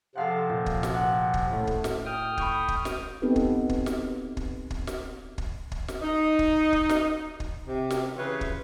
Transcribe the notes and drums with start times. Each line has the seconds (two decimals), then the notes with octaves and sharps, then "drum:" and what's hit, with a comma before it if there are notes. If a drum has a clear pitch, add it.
0.15 C3 F3 A4 F5 F#5
0.49 A#2
0.66 drum: kick
0.83 drum: snare
0.94 F#5
1.34 drum: kick
1.50 A2 A3
1.67 drum: kick
1.84 drum: snare
2.05 G5 D#6 F6
2.37 B5 C#6 G6, drum: kick
2.68 drum: kick
2.85 drum: snare
3.22 B3 C4 D#4 G4 A4 B4
3.36 drum: kick
3.69 drum: kick
3.86 drum: snare
4.37 drum: kick
4.70 drum: kick
4.87 drum: snare
5.38 drum: kick
5.72 drum: kick
5.88 drum: snare
6.02 D#4
6.39 drum: kick
6.73 drum: kick
6.89 drum: snare
7.40 drum: kick
7.67 C3
7.90 drum: snare
8.16 C#3 E3 F4 B4 C#5
8.41 drum: kick